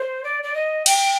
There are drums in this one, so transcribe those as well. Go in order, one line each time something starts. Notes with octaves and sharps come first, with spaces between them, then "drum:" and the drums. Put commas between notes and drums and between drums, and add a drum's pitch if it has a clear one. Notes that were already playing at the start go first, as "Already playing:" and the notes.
Already playing: C5
D5
D5
D#5
G5, drum: cymbal